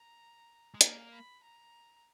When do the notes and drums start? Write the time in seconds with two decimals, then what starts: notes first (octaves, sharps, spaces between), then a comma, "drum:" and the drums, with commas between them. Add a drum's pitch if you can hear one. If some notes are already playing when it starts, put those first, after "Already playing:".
Already playing: A#5
0.74 G#3
0.81 A#3, drum: hi-hat
1.12 B5
1.43 A#5